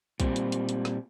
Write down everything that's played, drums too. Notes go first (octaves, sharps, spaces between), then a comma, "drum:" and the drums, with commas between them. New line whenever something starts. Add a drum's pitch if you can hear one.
A#2 G3 C4, drum: kick B1, hi-hat
drum: hi-hat
drum: hi-hat
drum: hi-hat
drum: snare